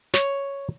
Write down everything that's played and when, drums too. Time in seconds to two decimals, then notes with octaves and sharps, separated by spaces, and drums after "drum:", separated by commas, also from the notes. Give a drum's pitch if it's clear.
0.14 C#5, drum: snare